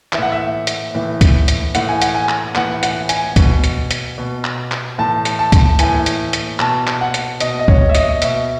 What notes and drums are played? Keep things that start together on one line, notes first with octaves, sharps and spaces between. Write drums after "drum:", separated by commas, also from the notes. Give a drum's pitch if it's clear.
E3 E5, drum: clap
A2 F#5
E5
drum: hi-hat
A2 E3
drum: kick, hi-hat
drum: hi-hat
A2 E3 F#5, drum: hi-hat
G#5
F#5, drum: hi-hat
G#5
drum: clap
A2 E3 F#5, drum: clap
F#5, drum: hi-hat
G#5, drum: hi-hat
B2, drum: kick, hi-hat
drum: hi-hat
drum: hi-hat
B2
drum: clap
drum: clap
A2 E3 A5
drum: hi-hat
A5
drum: kick, hi-hat
A2 E3 G#5, drum: hi-hat
drum: hi-hat
drum: hi-hat
B2 A5, drum: clap
drum: clap
F#5
drum: hi-hat
B2 D#5, drum: hi-hat
D#5
C#5, drum: kick
E5
D#5, drum: hi-hat
B2 E5, drum: hi-hat